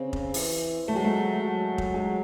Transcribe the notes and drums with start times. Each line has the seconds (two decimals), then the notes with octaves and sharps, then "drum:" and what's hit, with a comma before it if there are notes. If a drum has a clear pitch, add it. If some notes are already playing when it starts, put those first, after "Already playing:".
Already playing: C#3 C4
0.13 drum: kick
0.34 E3, drum: open hi-hat
0.88 F#3 A3
0.96 G#3
1.04 A3
1.41 F#3
1.78 drum: kick
1.94 G#3